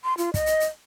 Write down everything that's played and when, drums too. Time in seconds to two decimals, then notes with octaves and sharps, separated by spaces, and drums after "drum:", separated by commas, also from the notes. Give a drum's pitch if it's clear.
0.04 C6
0.18 F4, drum: hi-hat
0.34 D#5, drum: kick, hi-hat
0.46 drum: hi-hat
0.60 drum: hi-hat